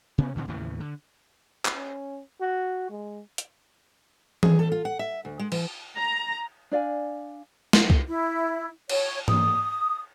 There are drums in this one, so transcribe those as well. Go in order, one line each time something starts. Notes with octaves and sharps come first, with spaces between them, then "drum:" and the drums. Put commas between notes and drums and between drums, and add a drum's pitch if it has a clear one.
C3 B3 C#4
D2 A#2 D3 C4
D#2 A2 C#3 E3
D3
drum: clap
C#4
F#4
G#3
drum: hi-hat
G#4, drum: tom E3
A4
F4
F#5
E5
D2
G#3
E3, drum: cymbal
A#5
D4 D5 F5 G#5
drum: snare
drum: kick C2
E4
C#5, drum: cymbal
D#6, drum: tom G#2